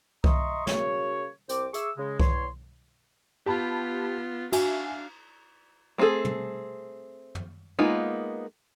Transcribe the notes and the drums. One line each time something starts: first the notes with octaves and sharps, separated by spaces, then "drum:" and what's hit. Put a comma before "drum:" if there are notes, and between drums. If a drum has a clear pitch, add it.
D#5 E5 A#5 C6 C#6 D#6, drum: kick C2
C#3 A#3 F#4 C#5, drum: snare
C2 C4 C5 D6, drum: hi-hat
G#4 E5 C#6 D6 E6, drum: hi-hat
C#3 G#3
E2 C#5 C6, drum: kick C2
B3 F4 G4 A5 B5
D4 F#4 E5 F5 G#5, drum: cymbal
A3 C4 F4 G#4 A4
drum: tom
drum: tom
G#3 A#3 B3 D#4 F4